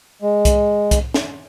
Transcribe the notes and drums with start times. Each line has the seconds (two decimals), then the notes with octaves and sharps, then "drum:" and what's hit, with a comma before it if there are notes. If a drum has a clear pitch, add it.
0.22 G#3
0.45 drum: kick C2, hi-hat
0.91 drum: kick C2, hi-hat
1.14 drum: snare